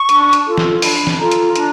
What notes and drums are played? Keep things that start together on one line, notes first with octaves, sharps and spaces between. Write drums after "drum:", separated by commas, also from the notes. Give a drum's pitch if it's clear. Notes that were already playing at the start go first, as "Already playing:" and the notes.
Already playing: C#6
D4, drum: hi-hat
drum: hi-hat
F4 A4
drum: snare
D4 B5, drum: open hi-hat
drum: snare
F4 A4 A#5
drum: hi-hat
D4, drum: hi-hat